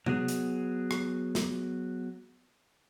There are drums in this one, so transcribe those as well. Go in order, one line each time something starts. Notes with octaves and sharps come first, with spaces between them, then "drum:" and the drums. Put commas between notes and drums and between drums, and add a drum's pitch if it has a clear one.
F#3 B3 G#4, drum: tom C3
drum: hi-hat
drum: rim click
drum: snare